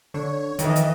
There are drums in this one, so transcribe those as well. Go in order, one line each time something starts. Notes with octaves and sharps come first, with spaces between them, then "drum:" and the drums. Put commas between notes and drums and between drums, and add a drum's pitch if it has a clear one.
D3 C#5
F2 D#3 E3 D#5, drum: hi-hat
drum: hi-hat